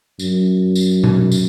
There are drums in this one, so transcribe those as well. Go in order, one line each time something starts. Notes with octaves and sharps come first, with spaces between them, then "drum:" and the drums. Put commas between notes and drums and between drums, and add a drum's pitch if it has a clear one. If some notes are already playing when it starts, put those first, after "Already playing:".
F#2, drum: tambourine
drum: tambourine
drum: tom B2
drum: tambourine